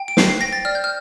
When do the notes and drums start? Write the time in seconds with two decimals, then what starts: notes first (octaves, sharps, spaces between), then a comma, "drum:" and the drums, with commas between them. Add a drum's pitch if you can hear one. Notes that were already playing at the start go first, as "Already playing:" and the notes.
Already playing: G5
0.08 D7
0.17 C5 C7, drum: snare
0.29 C7
0.41 G5 A#6
0.53 A6
0.65 D5 F6
0.75 G6
0.84 F6